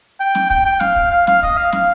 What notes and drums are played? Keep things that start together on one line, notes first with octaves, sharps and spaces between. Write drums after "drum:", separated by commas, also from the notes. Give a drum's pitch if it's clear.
G5
drum: snare
G5, drum: kick
G5
F5, drum: snare
drum: kick
F5
F5, drum: snare
D#5, drum: kick
F5
F5, drum: snare